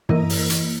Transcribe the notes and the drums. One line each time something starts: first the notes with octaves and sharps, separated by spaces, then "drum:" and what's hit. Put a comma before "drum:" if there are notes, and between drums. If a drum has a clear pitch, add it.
E3 A#3 E4 A#4 D#5, drum: tom
drum: open hi-hat
drum: hi-hat